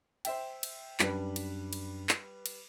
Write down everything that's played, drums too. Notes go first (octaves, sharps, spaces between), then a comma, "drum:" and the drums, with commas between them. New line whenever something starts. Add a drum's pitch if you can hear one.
C5 E5 G5, drum: cymbal
drum: cymbal
F#2 G3 D4 B4, drum: clap
drum: cymbal
drum: cymbal
drum: clap
drum: cymbal